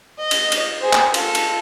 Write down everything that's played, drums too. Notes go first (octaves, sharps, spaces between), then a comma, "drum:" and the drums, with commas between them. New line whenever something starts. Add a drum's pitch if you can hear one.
D#5
drum: cymbal
drum: cymbal
G#4 C5
drum: clap
F4 A4, drum: cymbal
drum: cymbal